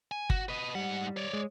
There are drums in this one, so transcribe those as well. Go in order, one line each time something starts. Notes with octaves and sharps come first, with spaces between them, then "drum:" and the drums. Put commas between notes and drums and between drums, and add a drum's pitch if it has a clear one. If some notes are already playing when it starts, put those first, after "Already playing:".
G#5
F#4, drum: kick G1
B4 D#5
G#2 G3 F#5
C#5 D5
G#3